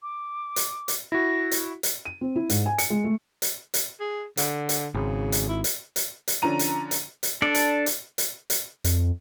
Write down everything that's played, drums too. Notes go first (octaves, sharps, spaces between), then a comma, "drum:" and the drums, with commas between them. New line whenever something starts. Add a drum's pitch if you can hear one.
D6
drum: hi-hat
drum: hi-hat
E4 F#4 A#6
drum: hi-hat
drum: hi-hat
D#7
C4
E4
G#2, drum: hi-hat
G#5
C#7, drum: hi-hat
G#3
A3
drum: hi-hat
drum: hi-hat
G#4
D3, drum: hi-hat
drum: hi-hat
G#1 C#3
drum: hi-hat
E4
drum: hi-hat
drum: hi-hat
drum: hi-hat
D3 F3 C#4 D4 A#5 D#7
drum: hi-hat
drum: hi-hat
drum: hi-hat
D4 A4 D5
drum: hi-hat
drum: hi-hat
drum: hi-hat
drum: hi-hat
F2, drum: hi-hat